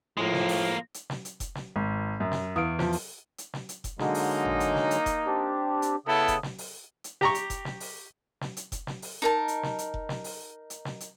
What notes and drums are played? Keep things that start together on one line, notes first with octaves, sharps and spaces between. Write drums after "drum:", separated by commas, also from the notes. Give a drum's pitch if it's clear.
A2 F3 G#3 A#3
drum: snare
drum: open hi-hat
drum: hi-hat
drum: snare
drum: hi-hat
drum: kick F1, hi-hat
drum: snare
G#1
F#2
drum: snare
E2 F5 D#6 D7
F3, drum: snare
drum: open hi-hat
drum: hi-hat
drum: snare
drum: hi-hat
drum: kick F1, hi-hat
D3 F#3 G#3 A#3 D#4, drum: snare
drum: open hi-hat
drum: tom G#1
drum: hi-hat
drum: snare
drum: hi-hat
drum: kick F1, hi-hat
C4 D4 G4
drum: hi-hat
C#3 B3 E4 A4 D#6
drum: kick F1, hi-hat
drum: snare
drum: open hi-hat
drum: hi-hat
G4 A#5 C#6, drum: snare
drum: hi-hat
drum: kick F1, hi-hat
drum: snare
drum: open hi-hat
drum: snare
drum: hi-hat
drum: kick F1, hi-hat
drum: snare
drum: open hi-hat
D#4 A#4 A5
drum: hi-hat
drum: snare
drum: hi-hat
drum: kick F1
drum: snare
drum: open hi-hat
drum: hi-hat
drum: snare
drum: hi-hat